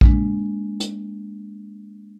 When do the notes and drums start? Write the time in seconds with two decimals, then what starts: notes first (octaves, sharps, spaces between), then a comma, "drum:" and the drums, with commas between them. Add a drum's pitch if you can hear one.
0.01 G#3 A#3 D4, drum: kick A#1
0.80 drum: hi-hat